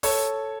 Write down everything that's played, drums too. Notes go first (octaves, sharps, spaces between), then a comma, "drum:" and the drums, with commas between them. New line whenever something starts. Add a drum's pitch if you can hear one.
A4 C#5, drum: open hi-hat